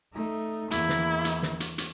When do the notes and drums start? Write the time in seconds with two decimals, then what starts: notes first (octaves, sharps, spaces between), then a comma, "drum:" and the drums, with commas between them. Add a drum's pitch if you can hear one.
0.13 A3 D#4
0.71 E2 A#3 E4, drum: hi-hat
0.89 drum: snare
1.25 drum: hi-hat
1.42 drum: snare
1.60 drum: hi-hat
1.78 drum: hi-hat